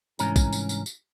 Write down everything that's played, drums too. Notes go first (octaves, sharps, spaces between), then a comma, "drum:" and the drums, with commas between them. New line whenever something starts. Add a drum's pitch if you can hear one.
C2 G#2 E3 C#4 A#4 A#5, drum: tambourine
drum: kick, tambourine
drum: tambourine
drum: tambourine
drum: tambourine